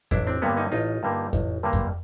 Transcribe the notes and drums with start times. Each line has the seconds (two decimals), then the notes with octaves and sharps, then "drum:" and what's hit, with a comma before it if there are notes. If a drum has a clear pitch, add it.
0.11 A1 D4 E4, drum: kick F2
0.27 C4 D4
0.42 G2 D3 G3 A#3 B3 C#4
0.57 C#4 D#4
0.72 A1 D#4 F4
1.03 G2 D3 G3 A#3
1.33 A1, drum: kick F2
1.63 G2 D3 G3 A#3
1.73 drum: kick F2